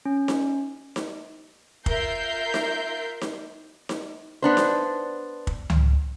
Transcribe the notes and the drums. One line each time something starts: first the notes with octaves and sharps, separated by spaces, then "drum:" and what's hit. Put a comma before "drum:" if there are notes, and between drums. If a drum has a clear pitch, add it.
C#4
drum: snare D#4
drum: snare D#4
F4 A#4 E5 G6 C7, drum: kick
drum: snare D#4
drum: snare D#4
drum: snare D#4
B3 D4 C5
drum: snare D#4
drum: kick
drum: tom C#2